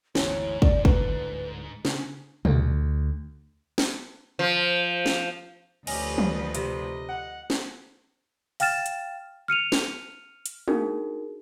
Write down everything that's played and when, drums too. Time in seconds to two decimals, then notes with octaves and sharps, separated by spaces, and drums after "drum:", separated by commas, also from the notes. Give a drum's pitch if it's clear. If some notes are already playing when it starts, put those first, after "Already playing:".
0.15 F#1 D2 G#2 E3 C#5, drum: snare
0.62 F1 D5, drum: kick
0.85 D1 D3 B4, drum: kick
1.85 C#3 C#4 D4, drum: snare
2.45 D2, drum: tom
3.78 drum: snare
4.39 F3
5.06 drum: snare
5.87 D2 F3 C#4 G4 B4 D#5, drum: cymbal
6.18 drum: tom
6.55 C3, drum: hi-hat
7.09 F#5
7.50 drum: snare
8.60 F5 G5 F6 A6 E7, drum: open hi-hat
8.86 drum: hi-hat
9.48 F6 C#7 D#7 F7
9.72 drum: snare
10.46 drum: hi-hat
10.68 D4 D#4 F#4 G#4 A#4, drum: tom